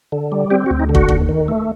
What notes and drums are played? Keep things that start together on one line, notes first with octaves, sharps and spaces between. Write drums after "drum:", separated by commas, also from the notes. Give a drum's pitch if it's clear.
D3
G3
C4 G4
F#4
D2
D#4
D3
F#4, drum: kick
D#2, drum: kick
D#3
A3